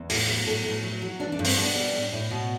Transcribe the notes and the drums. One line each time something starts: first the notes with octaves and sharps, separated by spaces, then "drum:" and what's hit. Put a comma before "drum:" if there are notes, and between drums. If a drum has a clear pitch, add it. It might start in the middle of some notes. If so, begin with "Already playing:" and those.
Already playing: E2
A2, drum: open hi-hat
F#3
A2 A4
A2
F#3
F#3
E3 D4
D4
G2
C4, drum: open hi-hat
B2 D4
G3
A2
A2
B2